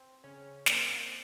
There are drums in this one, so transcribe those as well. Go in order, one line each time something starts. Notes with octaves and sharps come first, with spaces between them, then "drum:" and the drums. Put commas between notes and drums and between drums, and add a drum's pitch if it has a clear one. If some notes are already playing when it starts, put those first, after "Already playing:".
Already playing: C4
C#3 C#4
A#3 C4, drum: snare